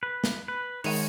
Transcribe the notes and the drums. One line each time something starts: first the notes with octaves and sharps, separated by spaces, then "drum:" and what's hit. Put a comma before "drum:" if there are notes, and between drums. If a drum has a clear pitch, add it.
B4
drum: snare
B4
D#3 G#3 C#5 D#7, drum: open hi-hat